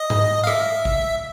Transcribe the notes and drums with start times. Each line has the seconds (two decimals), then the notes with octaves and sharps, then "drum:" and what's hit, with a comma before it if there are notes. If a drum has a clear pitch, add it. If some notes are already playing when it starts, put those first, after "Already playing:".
Already playing: D#5
0.10 drum: tom G#2
0.44 F5
0.47 E5, drum: rim click
0.85 drum: kick A1